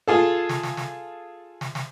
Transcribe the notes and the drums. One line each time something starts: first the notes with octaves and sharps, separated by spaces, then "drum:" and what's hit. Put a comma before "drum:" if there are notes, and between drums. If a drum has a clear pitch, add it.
F4 G#4 A4
drum: snare
drum: snare
drum: snare
drum: snare
drum: snare